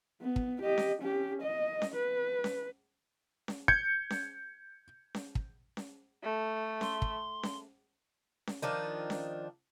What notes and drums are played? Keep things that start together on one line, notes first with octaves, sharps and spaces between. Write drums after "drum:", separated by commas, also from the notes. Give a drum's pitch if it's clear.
B3
drum: kick
G4 D#5
drum: snare C#4
C#4 G4
D#5
drum: snare C#4
B4
drum: snare C#4
drum: snare C#4
G6 G#6 C#7, drum: kick
drum: snare C#4
drum: snare C#4
drum: kick
drum: snare C#4
A3
C6, drum: snare C#4
drum: kick
drum: snare C#4
drum: snare C#4
D#3 F3 D4 D#4
drum: snare C#4